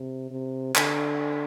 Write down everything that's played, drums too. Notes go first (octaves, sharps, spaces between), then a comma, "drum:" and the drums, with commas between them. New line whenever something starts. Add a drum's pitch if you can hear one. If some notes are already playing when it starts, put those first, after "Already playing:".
Already playing: C3
C3
D3, drum: clap